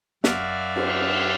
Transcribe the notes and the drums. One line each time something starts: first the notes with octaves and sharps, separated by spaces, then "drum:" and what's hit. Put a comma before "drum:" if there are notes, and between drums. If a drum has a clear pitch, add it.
F#2 F#4 D5 E5 F5 F6, drum: snare
drum: cymbal